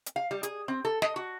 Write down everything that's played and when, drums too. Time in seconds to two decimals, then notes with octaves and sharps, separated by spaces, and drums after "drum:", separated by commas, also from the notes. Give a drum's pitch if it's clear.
0.06 drum: hi-hat
0.16 F5
0.31 G3
0.43 G#4, drum: hi-hat
0.68 C4
0.85 A4
1.02 D#5, drum: snare
1.16 F#4